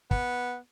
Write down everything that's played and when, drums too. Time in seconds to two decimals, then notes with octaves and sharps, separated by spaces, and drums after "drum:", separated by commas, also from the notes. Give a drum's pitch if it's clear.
0.11 B3, drum: kick